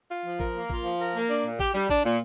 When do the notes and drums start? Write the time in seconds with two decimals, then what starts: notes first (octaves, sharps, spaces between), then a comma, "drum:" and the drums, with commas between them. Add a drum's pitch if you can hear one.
0.09 F4
0.25 F3
0.40 A#4, drum: kick
0.55 A#3
0.70 F4, drum: kick
0.84 F3
1.00 A#4
1.15 A#3
1.30 D4
1.45 A#2
1.59 G4, drum: kick
1.74 G3
1.89 D4, drum: kick
2.04 A#2